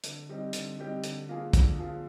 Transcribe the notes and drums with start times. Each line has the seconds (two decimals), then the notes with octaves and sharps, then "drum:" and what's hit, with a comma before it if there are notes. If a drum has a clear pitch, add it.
0.04 D3, drum: hi-hat
0.29 G3 C4 D#4 G4
0.53 D3, drum: hi-hat
0.78 G3 C4 D#4 G4
1.04 D3, drum: hi-hat
1.29 F3 A#3 F4 G#4
1.53 D3, drum: kick, hi-hat
1.78 F3 A#3 F4 G#4